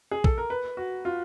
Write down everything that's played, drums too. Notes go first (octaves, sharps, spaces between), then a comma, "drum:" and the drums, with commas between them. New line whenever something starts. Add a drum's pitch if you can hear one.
G#4
A4, drum: kick A#1
A#4
B4
F#4
F4